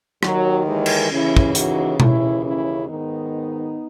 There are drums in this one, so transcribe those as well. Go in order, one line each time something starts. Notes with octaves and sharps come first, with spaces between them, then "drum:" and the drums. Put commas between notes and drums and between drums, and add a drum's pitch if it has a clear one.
D#2 D#3 F#3, drum: rim click
E3 G#3
drum: cymbal
D#2 C#3 E3 C#4 E4
drum: kick
D#4 F#4, drum: hi-hat
D#2 C#3 E3 C#4 E4, drum: tom B2
C#4 E4
G#2 D#3 B3 D#4